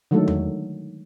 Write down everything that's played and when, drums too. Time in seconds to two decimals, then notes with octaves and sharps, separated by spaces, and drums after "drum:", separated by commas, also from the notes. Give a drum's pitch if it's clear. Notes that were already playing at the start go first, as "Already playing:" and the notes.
0.11 D3 D#3 F#3 G#3 A3 A4
0.28 drum: tom E2